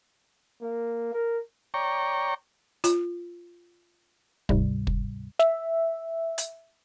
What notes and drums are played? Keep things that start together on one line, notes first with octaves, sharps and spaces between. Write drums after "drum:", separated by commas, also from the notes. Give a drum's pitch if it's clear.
A#3
A#4
C#5 D5 G5 A#5 C#6
F4, drum: hi-hat
D2 G#2 C3 G3, drum: kick
drum: kick
E5, drum: snare
drum: hi-hat